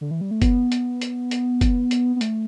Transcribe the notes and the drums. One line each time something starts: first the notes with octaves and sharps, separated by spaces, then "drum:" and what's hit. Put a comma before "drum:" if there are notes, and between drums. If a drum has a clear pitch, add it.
D3
E3
G3
A3
B3, drum: kick, hi-hat
drum: hi-hat
drum: hi-hat
drum: hi-hat
drum: kick, hi-hat
drum: hi-hat
B3
A3, drum: hi-hat